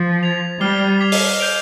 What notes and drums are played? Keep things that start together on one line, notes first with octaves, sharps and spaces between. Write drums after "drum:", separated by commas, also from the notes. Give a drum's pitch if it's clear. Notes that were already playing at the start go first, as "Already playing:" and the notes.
Already playing: F3
G#6 B6 F7
G3 D6 F6 C7 G7
D6 G#6 B6 F7
drum: open hi-hat
G6 D7 F7